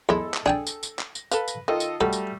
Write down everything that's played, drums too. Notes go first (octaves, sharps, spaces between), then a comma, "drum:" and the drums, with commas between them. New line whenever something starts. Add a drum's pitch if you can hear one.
E2 G#3 E4 A4
drum: clap
D4 G#4 G5 A5
drum: tambourine
drum: tambourine
drum: clap
drum: tambourine
A4 B4 F5, drum: tambourine
drum: tambourine
D#3 F4 A4 D#5
drum: tambourine
F#3 G3 A3 A4
drum: tambourine